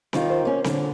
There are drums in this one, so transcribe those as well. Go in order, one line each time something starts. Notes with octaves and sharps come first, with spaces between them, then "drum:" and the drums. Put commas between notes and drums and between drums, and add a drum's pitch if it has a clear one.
D#2 D#3 F4, drum: snare C4
A#4 C5
A#3 C#4
A#2 D3, drum: snare C4